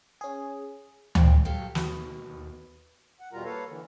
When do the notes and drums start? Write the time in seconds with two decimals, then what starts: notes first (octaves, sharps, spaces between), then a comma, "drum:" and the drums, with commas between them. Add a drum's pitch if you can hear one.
0.21 C#4 G#4
1.15 A#2 G3 C4 D4, drum: tom D2
1.45 F#3 G4 A4 F5
1.75 D#2 B2, drum: snare
3.20 F#5
3.33 E2 B2 G3 F4 A#4 A#5
3.44 A#3 A4 B4 C#5 F5
3.68 D3 E3